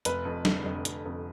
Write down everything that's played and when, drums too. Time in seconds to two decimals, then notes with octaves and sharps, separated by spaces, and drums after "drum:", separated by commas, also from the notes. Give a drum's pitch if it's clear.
0.05 F1 B4, drum: hi-hat
0.25 F2
0.45 D3, drum: snare
0.65 F1
0.85 F1, drum: hi-hat
1.06 F2